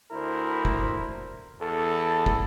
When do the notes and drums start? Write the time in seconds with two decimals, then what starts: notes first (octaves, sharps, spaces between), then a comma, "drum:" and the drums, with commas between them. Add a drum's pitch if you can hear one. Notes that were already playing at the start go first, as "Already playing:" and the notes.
0.11 D2 E4 A#4 C5
0.65 drum: kick
1.61 E2 A4
2.26 drum: kick